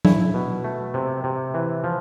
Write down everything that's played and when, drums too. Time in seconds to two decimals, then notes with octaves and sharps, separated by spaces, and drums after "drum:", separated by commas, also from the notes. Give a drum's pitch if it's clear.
0.05 E4, drum: tom F#3
0.34 B2
0.64 A3
0.94 C3
1.24 C3
1.54 E3
1.84 F3